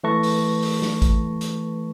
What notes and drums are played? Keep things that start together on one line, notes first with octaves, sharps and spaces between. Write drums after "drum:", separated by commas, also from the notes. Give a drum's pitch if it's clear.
E3 A3 B4 A5 C#6 A#6
drum: open hi-hat
drum: open hi-hat
drum: snare
drum: kick, hi-hat
drum: hi-hat